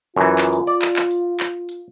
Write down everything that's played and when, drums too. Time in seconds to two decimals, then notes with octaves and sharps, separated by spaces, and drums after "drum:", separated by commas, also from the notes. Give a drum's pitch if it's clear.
0.16 F#2 E3 F4
0.38 drum: clap
0.53 drum: hi-hat
0.67 D5
0.82 drum: clap
0.96 drum: clap
1.11 drum: hi-hat
1.40 drum: clap
1.69 drum: hi-hat